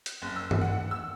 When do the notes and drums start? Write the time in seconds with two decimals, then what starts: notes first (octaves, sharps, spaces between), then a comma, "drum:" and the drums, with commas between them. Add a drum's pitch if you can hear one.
0.06 drum: hi-hat
0.22 F#1
0.36 E6
0.51 drum: tom G2
0.61 F#5
0.91 E6